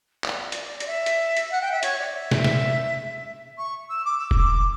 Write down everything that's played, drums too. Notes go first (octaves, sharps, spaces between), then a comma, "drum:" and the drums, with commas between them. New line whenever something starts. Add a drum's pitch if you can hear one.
D5, drum: clap
drum: hi-hat
D5, drum: hi-hat
E5
drum: hi-hat
drum: hi-hat
F#5
G5
E5
C#5, drum: hi-hat
D5
E5
drum: snare
drum: snare
C#6
E6
D6
E6
D6, drum: kick E1